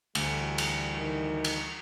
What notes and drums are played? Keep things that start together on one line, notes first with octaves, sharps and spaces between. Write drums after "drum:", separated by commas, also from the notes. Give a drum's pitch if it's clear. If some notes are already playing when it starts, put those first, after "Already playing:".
D2 E3 G3, drum: cymbal
drum: cymbal
D#3
drum: cymbal